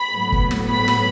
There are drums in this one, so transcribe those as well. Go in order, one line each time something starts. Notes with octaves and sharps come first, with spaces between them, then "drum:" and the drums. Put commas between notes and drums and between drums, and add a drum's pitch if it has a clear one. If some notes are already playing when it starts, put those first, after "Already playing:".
Already playing: B5
A2 F#3 B3
drum: kick
drum: snare
B5
drum: snare